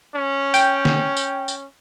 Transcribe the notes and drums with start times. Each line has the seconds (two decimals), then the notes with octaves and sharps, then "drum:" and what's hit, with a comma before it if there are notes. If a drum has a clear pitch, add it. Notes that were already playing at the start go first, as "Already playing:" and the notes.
0.16 C#4
0.54 G5, drum: tambourine
0.85 drum: snare
1.17 drum: tambourine
1.48 drum: tambourine